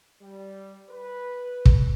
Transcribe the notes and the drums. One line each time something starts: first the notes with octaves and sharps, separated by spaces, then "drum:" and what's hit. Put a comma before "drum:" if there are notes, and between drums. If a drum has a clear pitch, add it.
G3
B4
drum: kick